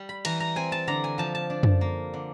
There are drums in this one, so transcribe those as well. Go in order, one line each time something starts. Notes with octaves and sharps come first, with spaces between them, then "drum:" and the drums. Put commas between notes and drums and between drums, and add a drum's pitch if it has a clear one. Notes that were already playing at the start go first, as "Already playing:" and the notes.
Already playing: G3
B5
E3 A#5, drum: cymbal
A#5
C4 G#5
A5
D3 A#5
G#5
F3 A5
A5
D4
drum: tom F#2
A#3
D3